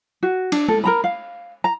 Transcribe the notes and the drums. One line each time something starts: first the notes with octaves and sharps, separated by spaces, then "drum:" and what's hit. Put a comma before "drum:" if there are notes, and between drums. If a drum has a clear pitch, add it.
F#4
D4, drum: cymbal
A4, drum: tom G#3
A#4 A#5 B5
F5
A#5